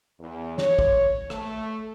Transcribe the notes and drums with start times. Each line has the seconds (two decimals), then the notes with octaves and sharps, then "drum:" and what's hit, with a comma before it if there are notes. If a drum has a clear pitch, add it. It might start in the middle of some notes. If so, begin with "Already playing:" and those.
0.20 E2
0.58 C#5, drum: snare
0.79 drum: kick
1.30 A3, drum: rim click